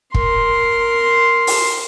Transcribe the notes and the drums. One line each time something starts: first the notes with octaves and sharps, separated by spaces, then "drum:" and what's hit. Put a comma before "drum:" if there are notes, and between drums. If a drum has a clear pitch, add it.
A#4 C6, drum: kick
drum: open hi-hat